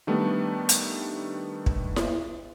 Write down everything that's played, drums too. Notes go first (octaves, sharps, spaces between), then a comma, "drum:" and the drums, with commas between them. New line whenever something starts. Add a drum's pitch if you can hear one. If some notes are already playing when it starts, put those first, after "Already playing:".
D#3 G3 A3 B3 D4
drum: hi-hat
drum: kick
drum: snare E4